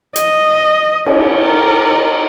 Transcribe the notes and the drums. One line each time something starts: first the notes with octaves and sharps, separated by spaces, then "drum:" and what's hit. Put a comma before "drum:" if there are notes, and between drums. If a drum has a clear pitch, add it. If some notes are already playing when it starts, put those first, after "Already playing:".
D#5, drum: hi-hat
C#4, drum: cymbal
A#4